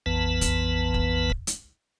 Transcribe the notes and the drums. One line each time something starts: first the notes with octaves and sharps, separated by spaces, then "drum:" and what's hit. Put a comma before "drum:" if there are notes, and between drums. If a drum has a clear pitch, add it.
A#1 F2 E3 B3 B4 A5
drum: kick, hi-hat
drum: kick
drum: kick
drum: hi-hat